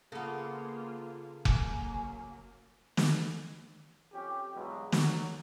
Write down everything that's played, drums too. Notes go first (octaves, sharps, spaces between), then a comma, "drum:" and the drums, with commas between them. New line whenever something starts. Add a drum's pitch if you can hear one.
C#3 A#3 B3 F4 G#4 A4 A5
F#3 A#3 G#5, drum: kick F1
drum: snare
F2 C#4 G4
E2 G2 B2 F#3 G#3
F#3, drum: snare